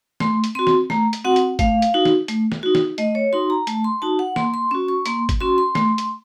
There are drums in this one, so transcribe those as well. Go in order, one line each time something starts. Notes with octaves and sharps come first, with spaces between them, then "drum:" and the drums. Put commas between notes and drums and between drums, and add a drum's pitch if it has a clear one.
A3 C6, drum: snare
drum: hi-hat
C4 F#4 C6
drum: snare
A3 A#5, drum: snare
drum: hi-hat
C4 F#4 F#5
drum: hi-hat
A3 F5, drum: kick, hi-hat
drum: hi-hat
D#4 F#4
drum: snare
A3, drum: hi-hat
drum: snare
D#4 F#4
drum: snare
A3 D#5, drum: hi-hat
C#5
D#4 F#4 C6
A#5
A3 A5, drum: hi-hat
C6
D#4 F#4 A5
F#5
A#3 C6, drum: snare
C6
C#4 F#4 C#6
C#6
A#3 C6, drum: hi-hat
drum: kick, hi-hat
C#4 F#4 C6
C6
A3, drum: snare
drum: hi-hat